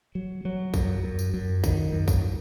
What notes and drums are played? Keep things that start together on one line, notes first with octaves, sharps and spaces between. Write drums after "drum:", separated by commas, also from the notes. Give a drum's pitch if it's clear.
F#3
F#3
F#2, drum: kick A#1, tambourine
F#2
drum: tambourine
F#2
D#3, drum: kick A#1, tambourine
F#2
drum: kick A#1, tambourine